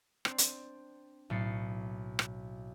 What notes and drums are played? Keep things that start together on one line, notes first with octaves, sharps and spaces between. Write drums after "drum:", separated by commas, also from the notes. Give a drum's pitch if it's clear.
C4 D4, drum: rim click
drum: hi-hat
B1 A2 A6 C7 C#7
drum: rim click